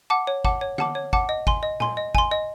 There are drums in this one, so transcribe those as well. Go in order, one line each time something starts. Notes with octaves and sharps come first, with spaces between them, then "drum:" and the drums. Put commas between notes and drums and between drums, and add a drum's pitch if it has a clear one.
F#5 A5 D6
C#5
F#5 A5 D6, drum: kick
C#5
F#5 A5 D6, drum: tom D3
C#5
F#5 A5 D6, drum: kick
D#5
G#5 C6, drum: kick
D#5
G#5 C6, drum: tom A#2
D#5
G#5 C6, drum: kick
D#5